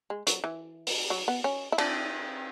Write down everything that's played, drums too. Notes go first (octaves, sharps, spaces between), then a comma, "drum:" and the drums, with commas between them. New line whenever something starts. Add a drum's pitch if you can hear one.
G#3
F#3, drum: hi-hat
E3
drum: open hi-hat
F#3
B3
C#4
E4
D4, drum: cymbal